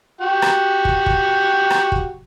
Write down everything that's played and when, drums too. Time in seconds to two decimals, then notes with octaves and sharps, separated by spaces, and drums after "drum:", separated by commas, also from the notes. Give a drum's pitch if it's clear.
0.21 F#4 G4 G5
0.42 drum: rim click
0.85 drum: kick
1.06 drum: kick
1.70 drum: rim click
1.92 drum: kick